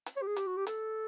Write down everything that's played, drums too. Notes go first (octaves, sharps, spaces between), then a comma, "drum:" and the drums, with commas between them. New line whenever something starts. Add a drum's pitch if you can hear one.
drum: hi-hat
C#5
G4
G#4
G4, drum: hi-hat
F#4
G4
A4, drum: hi-hat